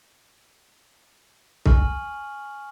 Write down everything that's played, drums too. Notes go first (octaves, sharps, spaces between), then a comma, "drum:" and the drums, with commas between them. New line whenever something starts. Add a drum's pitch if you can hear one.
G#5 C#6 F6 F#7, drum: kick C2